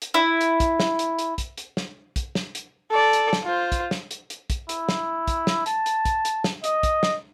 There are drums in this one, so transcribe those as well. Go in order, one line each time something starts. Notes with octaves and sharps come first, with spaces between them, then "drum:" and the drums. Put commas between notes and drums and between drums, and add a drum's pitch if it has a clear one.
drum: hi-hat
E4
drum: hi-hat
drum: kick, hi-hat
drum: snare
drum: hi-hat
drum: hi-hat
drum: kick, hi-hat
drum: hi-hat
drum: snare
drum: kick, hi-hat
drum: snare
drum: hi-hat
A4 D5
drum: hi-hat
drum: snare
F4 C5
drum: kick, hi-hat
drum: snare
drum: hi-hat
drum: hi-hat
drum: kick, hi-hat
E4, drum: hi-hat
drum: snare
drum: kick, hi-hat
drum: snare
A5, drum: hi-hat
drum: hi-hat
drum: kick, hi-hat
drum: hi-hat
drum: snare
D#5, drum: hi-hat
drum: kick, hi-hat
drum: snare